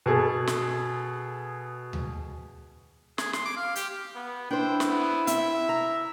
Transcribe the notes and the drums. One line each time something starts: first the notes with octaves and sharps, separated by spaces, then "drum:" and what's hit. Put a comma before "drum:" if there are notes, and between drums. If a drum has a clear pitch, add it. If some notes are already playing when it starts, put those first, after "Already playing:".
B2 G#4 A4
drum: snare
drum: tom D2
G#4, drum: snare
C6, drum: snare
D6
F5
G4, drum: hi-hat
B3
D4 E4 B4 C5 G5
drum: snare
B3
C4 E5, drum: hi-hat
A#5